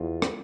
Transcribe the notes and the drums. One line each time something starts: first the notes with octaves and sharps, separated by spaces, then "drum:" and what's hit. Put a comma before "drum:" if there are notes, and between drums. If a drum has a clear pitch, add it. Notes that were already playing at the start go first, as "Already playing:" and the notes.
Already playing: E2 F4
drum: rim click